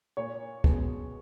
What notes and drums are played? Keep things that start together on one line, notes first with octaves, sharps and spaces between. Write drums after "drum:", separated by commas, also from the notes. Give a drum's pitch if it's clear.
A#2 A#3 C#5
B2 G#3 B3, drum: kick